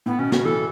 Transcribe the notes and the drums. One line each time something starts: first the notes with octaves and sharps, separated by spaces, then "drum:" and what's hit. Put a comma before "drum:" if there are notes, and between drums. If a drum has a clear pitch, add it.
A2 B3
B2 C#4
C#3 F#4, drum: snare
E3 A4